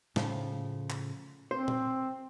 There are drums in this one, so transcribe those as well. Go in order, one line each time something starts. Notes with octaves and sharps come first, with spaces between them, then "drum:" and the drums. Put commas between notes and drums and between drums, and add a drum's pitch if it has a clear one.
A2 C#3 F3, drum: snare
drum: clap
C4 C5
drum: tom A#2